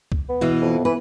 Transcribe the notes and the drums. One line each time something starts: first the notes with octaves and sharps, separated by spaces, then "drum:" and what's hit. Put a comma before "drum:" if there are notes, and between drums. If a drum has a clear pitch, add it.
drum: kick C2
B3
B2 E3
F2
E3 B4